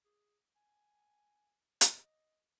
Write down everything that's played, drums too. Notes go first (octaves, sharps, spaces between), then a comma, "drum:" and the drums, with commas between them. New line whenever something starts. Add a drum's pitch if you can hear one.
G#4
G#5
D#5, drum: hi-hat